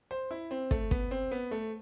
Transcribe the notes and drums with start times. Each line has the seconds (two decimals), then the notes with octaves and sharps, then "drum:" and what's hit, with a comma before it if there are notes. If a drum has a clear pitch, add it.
0.11 C5
0.31 E4
0.51 C4
0.71 A3, drum: kick
0.91 B3, drum: kick
1.11 C4
1.32 B3
1.51 A3